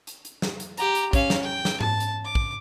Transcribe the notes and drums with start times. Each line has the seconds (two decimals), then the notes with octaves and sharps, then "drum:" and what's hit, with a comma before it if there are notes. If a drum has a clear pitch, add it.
0.07 drum: hi-hat
0.25 drum: hi-hat
0.42 drum: snare
0.60 drum: hi-hat
0.77 G4 A#5, drum: hi-hat
0.95 drum: hi-hat
1.13 C#4 F5, drum: kick, hi-hat
1.30 drum: snare
1.43 G5
1.65 drum: snare
1.81 A5, drum: tom G#2
2.00 drum: hi-hat
2.24 D6
2.35 drum: kick